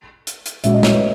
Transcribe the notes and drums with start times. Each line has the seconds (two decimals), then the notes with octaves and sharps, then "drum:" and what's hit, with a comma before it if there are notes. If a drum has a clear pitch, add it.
0.27 drum: hi-hat
0.46 drum: hi-hat
0.64 A#2 G#3 C#4 F#4 E5, drum: hi-hat
0.74 D#5
0.83 C#5, drum: snare
0.93 B4